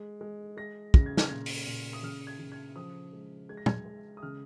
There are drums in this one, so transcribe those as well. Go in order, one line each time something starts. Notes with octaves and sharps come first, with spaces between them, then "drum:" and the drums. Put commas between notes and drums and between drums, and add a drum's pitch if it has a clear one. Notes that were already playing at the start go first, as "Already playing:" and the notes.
Already playing: G#3
G#3
G#3 A#6
C#3 A#6, drum: kick
G#6
F6, drum: snare
A#2 G#6
drum: open hi-hat
A#2
D#6
C#3 F6
G#6
C#3
G#6
F3 D#6
G#3
G#3 G#6
A#6
G#6, drum: tom
G#3
D#6
C#3 F6